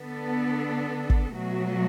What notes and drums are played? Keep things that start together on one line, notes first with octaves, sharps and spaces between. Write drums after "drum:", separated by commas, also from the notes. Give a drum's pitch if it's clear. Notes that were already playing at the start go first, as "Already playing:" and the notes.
Already playing: D3 B3 D4 A4
drum: kick
B2 F#3 A3 F#4